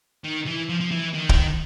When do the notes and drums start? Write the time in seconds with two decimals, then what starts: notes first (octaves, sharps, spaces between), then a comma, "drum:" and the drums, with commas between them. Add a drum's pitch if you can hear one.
0.24 D#3
0.46 E3
0.69 F3
0.80 F3
0.91 E3
1.14 D#3
1.29 drum: kick